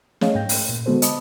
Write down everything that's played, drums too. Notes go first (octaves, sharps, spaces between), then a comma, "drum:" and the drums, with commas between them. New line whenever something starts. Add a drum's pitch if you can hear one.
A3 C#4 G#4 C#5 D#5 F5, drum: snare
G#2 G5 G6 A#6
drum: open hi-hat
A#2
D3 G#3 B3 F#4 A4 C5
D#5 A5 B5 D6 D#6, drum: hi-hat